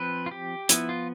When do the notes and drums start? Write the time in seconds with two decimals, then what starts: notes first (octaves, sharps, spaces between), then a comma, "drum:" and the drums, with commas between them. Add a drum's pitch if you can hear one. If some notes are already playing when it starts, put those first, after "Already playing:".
Already playing: F3 C4 B4
0.26 F4
0.31 G4
0.69 F3 B3 E4, drum: hi-hat
0.89 F4